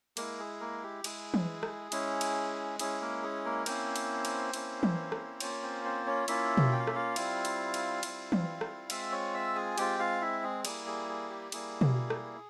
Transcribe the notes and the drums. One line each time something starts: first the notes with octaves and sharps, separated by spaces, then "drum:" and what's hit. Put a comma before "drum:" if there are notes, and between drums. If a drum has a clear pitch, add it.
G#3 A#3 E4 A#4, drum: cymbal
G#4
A#3 A#4
G4
G#3 E4 G#4, drum: cymbal
drum: tom E3
drum: rim click
G#3 C#4 E4, drum: cymbal
drum: cymbal
G#3 C#4 E4 G#4, drum: cymbal
A#3 A#4
G#4
A#3 A#4
A#3 C4 C#4 E4 C5, drum: cymbal
drum: cymbal
drum: cymbal
A#3 C#4 E4, drum: cymbal
drum: tom E3
drum: rim click
A#3 C#4 F4 C#5, drum: cymbal
C4 C5
C4 C5
C#4 C#5
A#3 C#4 E4 F4 E5, drum: cymbal
drum: tom B2
G5
F5
E5, drum: rim click
F4 F5
G3 C4 E4, drum: cymbal
drum: cymbal
drum: cymbal
G3 C4 E4, drum: cymbal
drum: tom E3
drum: rim click
G#3 C4 F4 E5 E6, drum: cymbal
C#5 C#6
E5 E6
G#4 G#5
G#3 C4 F4 G4 G5, drum: cymbal
F4 F5
E4 E5
G#4
G3 A#3 E4 G#4, drum: cymbal
G#4
G#4
G4
G3 A#3 E4 G#4, drum: cymbal
drum: tom B2
drum: rim click